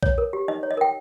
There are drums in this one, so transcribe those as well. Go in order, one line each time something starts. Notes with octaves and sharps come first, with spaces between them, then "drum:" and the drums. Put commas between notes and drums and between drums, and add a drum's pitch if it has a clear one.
C#5, drum: kick B1
A#4
G4
D#4 D#5
C#5
D#5
A#4 G5